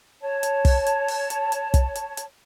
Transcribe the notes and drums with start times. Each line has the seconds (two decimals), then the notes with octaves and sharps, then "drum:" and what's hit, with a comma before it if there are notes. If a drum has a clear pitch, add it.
0.21 C#5 A5
0.43 drum: hi-hat
0.65 drum: kick, open hi-hat
0.86 drum: hi-hat
1.08 drum: open hi-hat
1.30 drum: hi-hat
1.52 drum: hi-hat
1.74 drum: kick, hi-hat
1.95 drum: hi-hat
2.17 drum: hi-hat